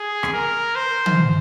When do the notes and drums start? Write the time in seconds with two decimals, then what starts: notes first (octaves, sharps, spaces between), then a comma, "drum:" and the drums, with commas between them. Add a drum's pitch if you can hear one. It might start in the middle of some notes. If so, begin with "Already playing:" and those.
Already playing: G#4
0.23 drum: rim click
0.33 A#4
0.75 C5
1.06 drum: tom